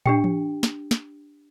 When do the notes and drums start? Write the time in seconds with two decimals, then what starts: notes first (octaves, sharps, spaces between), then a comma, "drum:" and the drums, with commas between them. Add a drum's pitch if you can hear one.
0.06 D4 G4 G5, drum: tom
0.24 drum: tom E3
0.63 drum: snare
0.91 drum: snare